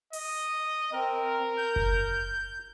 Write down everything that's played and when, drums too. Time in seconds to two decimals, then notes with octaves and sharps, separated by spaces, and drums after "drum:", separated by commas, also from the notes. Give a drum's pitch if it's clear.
0.13 D#5, drum: open hi-hat
0.93 C4 A#4
1.58 G6
1.76 drum: kick F#1